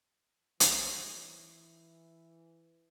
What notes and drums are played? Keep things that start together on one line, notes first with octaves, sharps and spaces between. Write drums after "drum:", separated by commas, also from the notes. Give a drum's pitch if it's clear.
E3 C#5 A#5, drum: hi-hat